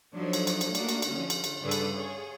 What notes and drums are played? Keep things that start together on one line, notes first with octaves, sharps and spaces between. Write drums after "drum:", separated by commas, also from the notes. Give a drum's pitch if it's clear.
F3 F#3 D4 D#4 A4 C#5
drum: cymbal
drum: cymbal
drum: cymbal
A3 A#3 D4 D#4 F#4, drum: cymbal
drum: cymbal
drum: cymbal
D3 F3 C#4
drum: cymbal
drum: cymbal
G2 C#3 D4 G#4 A4 B4
drum: cymbal
G#4 C#5